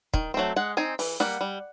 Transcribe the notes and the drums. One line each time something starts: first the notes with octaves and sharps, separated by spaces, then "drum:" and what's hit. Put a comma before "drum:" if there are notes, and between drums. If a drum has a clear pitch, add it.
D#3, drum: kick
F#3 A3 C4
G#3 F#5
C4 D#4 G#5
E3, drum: open hi-hat
G3 A#3 F#5, drum: snare
G3